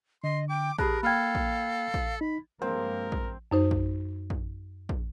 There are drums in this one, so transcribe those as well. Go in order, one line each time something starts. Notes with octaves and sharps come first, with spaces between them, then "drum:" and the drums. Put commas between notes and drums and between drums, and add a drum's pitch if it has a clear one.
D3 D#5 C6
G5 D6
G4 G#4 A#4 A5 B5 F#6, drum: kick
A#3 A4 F5 G5 B5 F6 G#6
drum: kick
drum: kick
D#4 B5
G2 F3 G#3 A#3 C4 A#4
drum: kick
F#2 D#4 C5
drum: kick
drum: kick
drum: kick